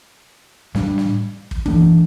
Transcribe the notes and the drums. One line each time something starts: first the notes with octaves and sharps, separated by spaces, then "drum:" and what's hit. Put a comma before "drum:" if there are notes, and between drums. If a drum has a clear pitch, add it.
A2 G3 D4, drum: snare
drum: snare
drum: kick
E3 A3 D4, drum: kick